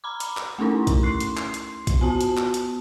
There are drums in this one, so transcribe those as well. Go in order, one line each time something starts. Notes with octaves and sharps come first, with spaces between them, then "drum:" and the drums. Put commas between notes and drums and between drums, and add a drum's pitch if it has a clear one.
A#5 B5 D6
drum: hi-hat
drum: clap
A3 C#4 D#4 E4
drum: kick, hi-hat
C6 C7
drum: hi-hat
drum: clap
drum: hi-hat
drum: kick, hi-hat
B3 F#4 A5
drum: hi-hat
drum: clap
drum: hi-hat